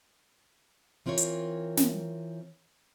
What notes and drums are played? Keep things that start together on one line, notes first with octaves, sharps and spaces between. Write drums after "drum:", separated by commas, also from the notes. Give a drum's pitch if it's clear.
E3 C4 F4 A#4 C#5
drum: hi-hat
drum: snare